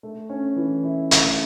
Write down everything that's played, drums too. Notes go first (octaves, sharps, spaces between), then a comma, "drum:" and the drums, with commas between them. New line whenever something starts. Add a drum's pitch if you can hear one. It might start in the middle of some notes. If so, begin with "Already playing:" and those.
A3
C#4
E3
E4
A3, drum: hi-hat